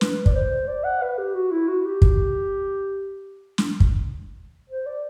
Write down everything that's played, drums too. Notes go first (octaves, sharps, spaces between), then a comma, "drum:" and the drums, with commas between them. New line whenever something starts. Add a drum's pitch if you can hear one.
B4, drum: snare
D5, drum: kick
C5
D5
F#5
B4
G4
F#4
E4
F#4
G4
drum: kick
drum: snare
drum: kick
C5
D5